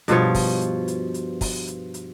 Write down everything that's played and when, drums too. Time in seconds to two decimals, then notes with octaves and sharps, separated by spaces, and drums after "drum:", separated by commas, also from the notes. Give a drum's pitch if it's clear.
0.08 G2 B2 F3 C#5, drum: hi-hat
0.35 drum: kick, open hi-hat
0.61 drum: hi-hat
0.88 drum: hi-hat
1.14 drum: hi-hat
1.41 drum: kick, open hi-hat
1.67 drum: hi-hat
1.94 drum: hi-hat